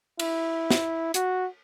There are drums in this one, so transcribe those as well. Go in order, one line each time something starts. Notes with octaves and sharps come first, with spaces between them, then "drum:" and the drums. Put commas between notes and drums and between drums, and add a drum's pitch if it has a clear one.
E4, drum: cymbal
drum: snare
F#4, drum: hi-hat